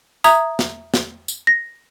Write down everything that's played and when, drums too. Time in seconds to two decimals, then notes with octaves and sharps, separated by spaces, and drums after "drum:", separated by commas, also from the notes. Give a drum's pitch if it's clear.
0.24 E5 A#5 D#6 G#6, drum: tambourine
0.59 drum: snare
0.94 drum: snare
1.28 drum: tambourine
1.47 A#6